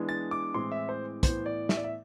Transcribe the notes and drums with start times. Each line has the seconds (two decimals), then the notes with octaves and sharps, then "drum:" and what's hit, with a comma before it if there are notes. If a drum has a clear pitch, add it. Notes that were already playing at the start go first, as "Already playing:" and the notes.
Already playing: E3 G#3 B3 D4
0.09 A6
0.31 D6
0.54 A2 E3 G#3 C4 C6
0.72 E5
0.89 C5
1.23 A2 E3 B3 C5, drum: kick, hi-hat
1.46 D5
1.69 E5, drum: snare
1.77 D5
1.84 E5